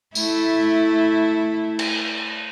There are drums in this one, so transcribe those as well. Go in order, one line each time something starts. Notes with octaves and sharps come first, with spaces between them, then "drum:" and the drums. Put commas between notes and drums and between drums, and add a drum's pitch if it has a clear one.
A3 E4, drum: tambourine
drum: cymbal